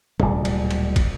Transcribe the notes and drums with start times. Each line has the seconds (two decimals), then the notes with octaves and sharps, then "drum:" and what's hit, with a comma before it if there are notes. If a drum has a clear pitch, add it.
0.20 D1 A#1 A#2 G3, drum: tom C3
0.45 drum: cymbal
0.71 drum: cymbal
0.96 drum: kick, cymbal